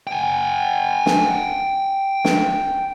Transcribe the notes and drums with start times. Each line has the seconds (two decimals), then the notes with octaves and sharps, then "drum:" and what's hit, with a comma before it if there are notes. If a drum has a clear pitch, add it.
0.07 G5 G#5
1.06 drum: snare
2.25 drum: snare